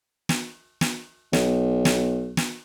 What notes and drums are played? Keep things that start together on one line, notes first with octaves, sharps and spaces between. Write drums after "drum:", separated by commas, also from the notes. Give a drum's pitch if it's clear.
drum: snare
drum: snare
B1, drum: snare
drum: snare
drum: snare